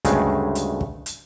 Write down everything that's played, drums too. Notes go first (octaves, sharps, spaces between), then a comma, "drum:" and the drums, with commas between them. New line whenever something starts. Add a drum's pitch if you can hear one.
D2 G2 C#3 G#3 A3, drum: kick, hi-hat
drum: hi-hat
drum: kick
drum: hi-hat